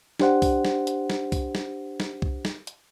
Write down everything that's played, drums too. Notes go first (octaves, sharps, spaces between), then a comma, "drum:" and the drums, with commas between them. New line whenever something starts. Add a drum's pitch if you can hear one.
D4 G4 C5 F#5, drum: snare
drum: kick, open hi-hat
drum: snare
drum: hi-hat
drum: snare
drum: kick, open hi-hat
drum: snare
drum: snare
drum: kick
drum: snare
drum: hi-hat